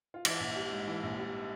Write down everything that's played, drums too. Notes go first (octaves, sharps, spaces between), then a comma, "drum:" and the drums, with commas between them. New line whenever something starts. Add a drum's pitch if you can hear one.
F4
E3 E4, drum: cymbal
A#1
G3
G#2
E3
A#1
G3